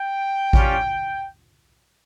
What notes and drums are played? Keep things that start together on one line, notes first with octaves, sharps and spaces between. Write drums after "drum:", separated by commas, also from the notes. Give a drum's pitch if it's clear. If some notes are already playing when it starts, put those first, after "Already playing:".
Already playing: G5
G3 C#4 F4, drum: kick A1